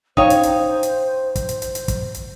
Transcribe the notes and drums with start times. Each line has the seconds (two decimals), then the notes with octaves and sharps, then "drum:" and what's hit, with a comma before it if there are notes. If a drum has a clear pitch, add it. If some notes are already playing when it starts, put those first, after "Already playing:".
0.17 D#4 C5 C#5 F5 G5 D#6, drum: kick
0.30 drum: hi-hat
0.43 drum: hi-hat
0.83 drum: hi-hat
1.35 drum: kick, hi-hat
1.49 drum: hi-hat
1.62 drum: hi-hat
1.75 drum: hi-hat
1.88 drum: kick, hi-hat
2.14 drum: hi-hat